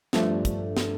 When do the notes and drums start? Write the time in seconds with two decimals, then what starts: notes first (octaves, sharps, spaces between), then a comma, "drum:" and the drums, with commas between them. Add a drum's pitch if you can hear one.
0.13 G2 F3 A3 D4, drum: snare
0.45 drum: kick, hi-hat
0.77 drum: snare